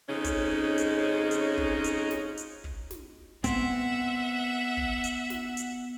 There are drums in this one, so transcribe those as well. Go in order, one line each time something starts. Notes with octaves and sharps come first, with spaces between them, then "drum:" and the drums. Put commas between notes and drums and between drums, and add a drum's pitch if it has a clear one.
F2 C#3 G#3 C#4 D#4
drum: kick, hi-hat
drum: hi-hat
drum: hi-hat
drum: kick
drum: hi-hat
drum: snare
drum: hi-hat
drum: kick
drum: snare
B3 C4 E5 F#5, drum: kick, hi-hat
drum: kick
drum: hi-hat
drum: snare
drum: hi-hat